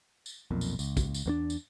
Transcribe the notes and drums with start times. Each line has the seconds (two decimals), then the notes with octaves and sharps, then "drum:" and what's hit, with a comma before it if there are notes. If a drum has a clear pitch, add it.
0.26 drum: tambourine
0.51 B1 F2 A#2
0.61 drum: tambourine
0.79 C#2, drum: tambourine
0.97 drum: kick, tambourine
1.14 drum: tambourine
1.26 E2 A#3 D4
1.50 drum: tambourine